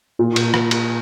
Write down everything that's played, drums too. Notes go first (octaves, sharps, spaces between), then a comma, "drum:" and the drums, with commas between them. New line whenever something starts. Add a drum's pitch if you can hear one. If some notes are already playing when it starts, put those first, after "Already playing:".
A#2
drum: cymbal
drum: rim click
drum: cymbal